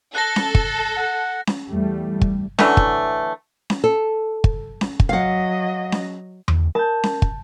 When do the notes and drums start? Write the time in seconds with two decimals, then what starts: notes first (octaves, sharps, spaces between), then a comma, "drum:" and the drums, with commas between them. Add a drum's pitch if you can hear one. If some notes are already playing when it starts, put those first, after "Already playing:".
0.15 A4 F#6 A#6
0.36 drum: snare C#4
0.55 drum: kick
0.97 F#5
1.47 drum: snare C#4
1.70 E2 G3 A3
2.21 drum: kick
2.59 D3 E3 F#3 A3, drum: snare C#4
2.77 drum: kick
3.70 drum: snare C#4
3.84 A4
4.44 drum: kick
4.81 drum: snare C#4
5.00 drum: kick
5.09 F#3 D#5 F5 F#5
5.92 drum: snare C#4
6.48 drum: tom E2
6.75 A#4 A5 G6
7.03 drum: snare C#4
7.22 drum: kick